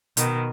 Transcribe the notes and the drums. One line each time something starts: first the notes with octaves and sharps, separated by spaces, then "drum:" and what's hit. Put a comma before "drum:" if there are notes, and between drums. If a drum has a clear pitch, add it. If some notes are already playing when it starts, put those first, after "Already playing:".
B2 D#3, drum: hi-hat